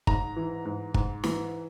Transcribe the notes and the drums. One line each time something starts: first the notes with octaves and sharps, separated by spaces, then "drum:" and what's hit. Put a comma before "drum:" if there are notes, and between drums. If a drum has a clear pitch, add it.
G#2 A#5, drum: kick
E3
G#2
G#2, drum: kick
E3, drum: snare